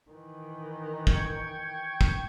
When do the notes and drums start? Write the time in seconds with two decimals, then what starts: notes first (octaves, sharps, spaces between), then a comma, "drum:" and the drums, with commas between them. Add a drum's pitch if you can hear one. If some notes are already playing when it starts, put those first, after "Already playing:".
0.11 D#3 E3
1.07 G5 C#6 G#6, drum: kick
2.01 drum: kick